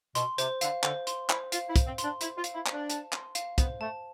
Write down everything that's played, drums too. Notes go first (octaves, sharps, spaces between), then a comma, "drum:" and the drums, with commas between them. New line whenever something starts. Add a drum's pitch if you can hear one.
B2 C6, drum: hi-hat
C3 C5, drum: hi-hat
D3 F5, drum: hi-hat
D3 C5, drum: clap
C6, drum: hi-hat
E4 C5, drum: clap
F4 F5, drum: hi-hat
E4
C5, drum: kick, hi-hat
C4
C6, drum: hi-hat
D4
E4 C5, drum: hi-hat
F4
F5, drum: hi-hat
E4
C5, drum: clap
D4
A5, drum: hi-hat
C6, drum: clap
F5, drum: hi-hat
B3 C5, drum: kick, hi-hat
A3 A5